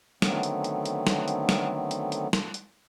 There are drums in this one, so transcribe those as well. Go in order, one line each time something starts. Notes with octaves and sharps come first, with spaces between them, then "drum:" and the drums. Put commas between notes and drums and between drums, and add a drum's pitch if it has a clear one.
D3 D#3 F#3 A3 B3 C4, drum: snare
drum: hi-hat
drum: hi-hat
drum: hi-hat
drum: snare
drum: hi-hat
drum: snare
drum: hi-hat
drum: hi-hat
drum: snare
drum: hi-hat